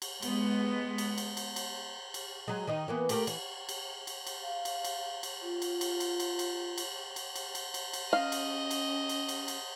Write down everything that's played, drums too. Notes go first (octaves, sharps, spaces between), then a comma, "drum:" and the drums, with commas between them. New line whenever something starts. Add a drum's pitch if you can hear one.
drum: cymbal
G#3 B3, drum: cymbal
drum: cymbal
drum: cymbal
drum: cymbal
drum: cymbal
drum: cymbal
F#3 G#3
D#3 D#4 D#5
E3 A#3 B3
A3 G4 A#4, drum: cymbal
E3, drum: cymbal
drum: cymbal
drum: cymbal
drum: cymbal
F5
drum: cymbal
drum: cymbal
drum: cymbal
F4
drum: cymbal
drum: cymbal
drum: cymbal
drum: cymbal
drum: cymbal
drum: cymbal
drum: cymbal
drum: cymbal
drum: cymbal
drum: cymbal
drum: cymbal
C#4 D#5 F5
drum: cymbal
drum: cymbal
drum: cymbal
drum: cymbal
drum: cymbal